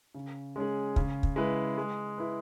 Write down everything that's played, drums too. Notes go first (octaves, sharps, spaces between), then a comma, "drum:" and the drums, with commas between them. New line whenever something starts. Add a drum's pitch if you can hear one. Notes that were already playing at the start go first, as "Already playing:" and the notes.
C#3
G#3 C#4 G#4
C#3, drum: kick
drum: kick
G#3 E4 B4
G#3
E4 B4